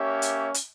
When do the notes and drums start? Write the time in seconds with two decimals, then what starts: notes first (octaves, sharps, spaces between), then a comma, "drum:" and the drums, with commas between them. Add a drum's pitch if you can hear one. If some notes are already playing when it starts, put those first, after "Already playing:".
Already playing: A#3 C#4 G4 C#5 E5
0.22 drum: hi-hat
0.54 drum: hi-hat